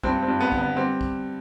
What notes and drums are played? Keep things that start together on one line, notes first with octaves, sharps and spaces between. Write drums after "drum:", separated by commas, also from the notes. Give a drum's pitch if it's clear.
G2 C4, drum: kick
C4
G2
B3
D3, drum: kick
B3
G3 C4
drum: kick